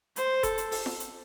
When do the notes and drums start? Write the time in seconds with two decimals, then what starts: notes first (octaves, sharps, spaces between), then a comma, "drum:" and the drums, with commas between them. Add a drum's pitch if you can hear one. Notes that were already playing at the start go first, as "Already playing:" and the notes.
0.16 C5, drum: hi-hat
0.43 A4, drum: kick F1, hi-hat
0.58 drum: hi-hat
0.72 drum: open hi-hat
0.86 drum: snare
1.00 drum: hi-hat